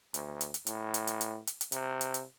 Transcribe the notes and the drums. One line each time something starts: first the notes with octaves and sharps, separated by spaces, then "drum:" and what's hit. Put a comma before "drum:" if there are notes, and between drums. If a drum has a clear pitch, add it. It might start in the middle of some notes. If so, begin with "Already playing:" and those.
D2, drum: hi-hat
drum: hi-hat
drum: hi-hat
A2, drum: hi-hat
drum: hi-hat
drum: hi-hat
drum: hi-hat
drum: hi-hat
drum: hi-hat
C3, drum: hi-hat
drum: hi-hat
drum: hi-hat